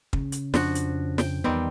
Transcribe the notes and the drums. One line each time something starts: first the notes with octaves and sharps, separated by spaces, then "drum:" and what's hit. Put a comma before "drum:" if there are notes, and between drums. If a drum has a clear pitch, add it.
C#3, drum: kick
drum: hi-hat
F2 F3 D4 F#4, drum: snare
drum: hi-hat
G5, drum: snare
E2 D#3 G3 B3 C4